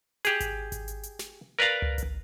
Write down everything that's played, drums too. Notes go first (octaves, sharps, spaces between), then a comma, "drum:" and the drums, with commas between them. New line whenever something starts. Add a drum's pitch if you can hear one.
G4 G#4, drum: hi-hat
drum: kick G#1, hi-hat
drum: kick G#1, hi-hat
drum: hi-hat
drum: hi-hat
drum: snare
A#4 B4 D5 F5 A#5
drum: tom C#2
drum: kick G#1, hi-hat